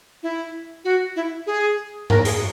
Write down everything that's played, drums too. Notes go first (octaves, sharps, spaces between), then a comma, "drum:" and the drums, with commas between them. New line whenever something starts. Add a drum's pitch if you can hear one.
E4
F#4
E4
G#4
A#4, drum: tom G#2
G#4, drum: hi-hat